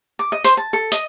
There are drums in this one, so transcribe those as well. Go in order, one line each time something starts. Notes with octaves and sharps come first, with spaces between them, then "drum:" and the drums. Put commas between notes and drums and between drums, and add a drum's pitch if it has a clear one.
D6
D#5
C5, drum: hi-hat
A5
A4
D#5, drum: hi-hat